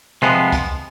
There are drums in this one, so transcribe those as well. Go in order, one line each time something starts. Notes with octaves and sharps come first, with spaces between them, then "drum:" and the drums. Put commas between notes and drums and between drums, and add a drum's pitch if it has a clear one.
C3 F3 G#3 B3, drum: rim click
drum: kick C2, hi-hat